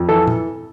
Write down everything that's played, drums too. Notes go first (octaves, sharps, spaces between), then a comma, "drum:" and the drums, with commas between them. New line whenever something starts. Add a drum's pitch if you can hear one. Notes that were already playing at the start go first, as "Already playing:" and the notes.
Already playing: F2
E3 A4
drum: tom A#2